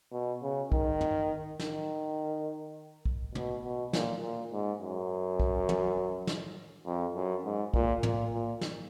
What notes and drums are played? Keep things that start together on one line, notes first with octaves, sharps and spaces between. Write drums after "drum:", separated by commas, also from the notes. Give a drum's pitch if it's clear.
B2
C#3
D#3, drum: kick
drum: tom
D#3, drum: snare
drum: kick
B2, drum: tom
B2
A#2, drum: snare
A#2
G#2
F#2
drum: kick
drum: tom
drum: snare
F2
F#2
G#2
A#2, drum: kick
A#2, drum: tom
A#2
drum: snare